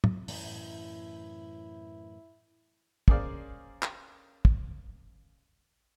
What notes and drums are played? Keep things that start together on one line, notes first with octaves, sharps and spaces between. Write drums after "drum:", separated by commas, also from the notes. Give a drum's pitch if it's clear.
drum: tom
F#2 A2 E3 E4, drum: open hi-hat
A#3 C#4 G#4 C5 D5 F5, drum: kick
drum: clap
drum: kick